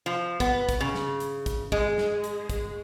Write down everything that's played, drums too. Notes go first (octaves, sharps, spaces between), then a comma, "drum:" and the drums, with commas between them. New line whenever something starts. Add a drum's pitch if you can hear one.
F3
B3, drum: kick, hi-hat
drum: kick, hi-hat
C#3
drum: snare
drum: hi-hat
drum: kick, hi-hat
G#3, drum: kick
drum: snare
drum: hi-hat
drum: kick, hi-hat